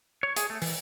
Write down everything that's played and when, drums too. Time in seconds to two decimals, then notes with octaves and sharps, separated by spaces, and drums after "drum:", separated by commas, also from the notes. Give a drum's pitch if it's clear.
0.23 C#5
0.36 G#4, drum: hi-hat
0.50 A3
0.62 E3, drum: open hi-hat